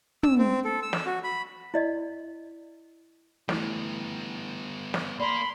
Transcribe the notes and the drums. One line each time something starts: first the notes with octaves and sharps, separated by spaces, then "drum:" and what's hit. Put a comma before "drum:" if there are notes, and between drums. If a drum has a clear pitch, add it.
E6, drum: tom
C4
A4
E6
drum: snare
F#4
B5
E4 D5 D#5
E3 G3 A3 B3, drum: snare
drum: snare
A#3 A#4 D5 B5 C6